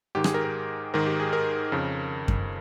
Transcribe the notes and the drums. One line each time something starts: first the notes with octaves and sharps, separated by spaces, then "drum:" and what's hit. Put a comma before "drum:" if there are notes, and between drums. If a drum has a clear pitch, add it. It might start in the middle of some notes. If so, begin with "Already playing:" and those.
G#2 D#3 G4
G#4, drum: rim click
A#4
A#4
G#2 D#3 A#4
G4
G#4
A#4
F2 C#3
drum: kick F#2